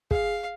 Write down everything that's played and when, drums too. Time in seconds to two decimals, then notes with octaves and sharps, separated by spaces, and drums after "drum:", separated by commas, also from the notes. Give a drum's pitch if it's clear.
0.11 G#4 F5, drum: kick